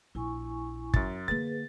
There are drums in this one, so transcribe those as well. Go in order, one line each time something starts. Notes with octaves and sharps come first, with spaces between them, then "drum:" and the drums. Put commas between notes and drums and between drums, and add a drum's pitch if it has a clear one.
A#1 E4 G#5 C#6
F#2 A6, drum: kick
D3 A#3 G#4 B4 A6